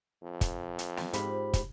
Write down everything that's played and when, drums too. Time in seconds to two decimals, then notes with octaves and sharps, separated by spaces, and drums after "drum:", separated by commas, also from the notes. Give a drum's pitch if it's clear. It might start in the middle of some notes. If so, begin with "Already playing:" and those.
0.22 F2
0.41 drum: kick, hi-hat
0.79 drum: hi-hat
0.97 drum: snare
1.13 G#2 C4 F4 G4 B5, drum: hi-hat
1.53 drum: kick, hi-hat